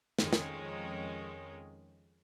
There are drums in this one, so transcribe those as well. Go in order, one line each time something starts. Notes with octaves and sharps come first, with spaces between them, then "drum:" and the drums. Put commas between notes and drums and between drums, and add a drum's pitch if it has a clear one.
F2 D#3 G#3 C#4, drum: snare
drum: snare